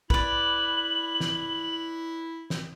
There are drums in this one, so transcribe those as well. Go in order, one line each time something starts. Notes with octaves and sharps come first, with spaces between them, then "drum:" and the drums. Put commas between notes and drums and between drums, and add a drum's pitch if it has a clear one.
E4 B4 D5 F#7, drum: kick
drum: snare
drum: snare